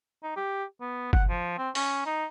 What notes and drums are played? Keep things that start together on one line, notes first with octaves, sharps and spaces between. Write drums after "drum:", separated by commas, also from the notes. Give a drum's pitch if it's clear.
D#4
G4
B3
F#5, drum: kick G1
F3
C4
C#4, drum: open hi-hat
D#4